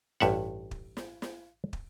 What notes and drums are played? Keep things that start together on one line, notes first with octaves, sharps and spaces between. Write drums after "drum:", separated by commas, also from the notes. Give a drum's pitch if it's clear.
A1 G2 E5 F#5, drum: snare
drum: kick
drum: snare
drum: snare
drum: kick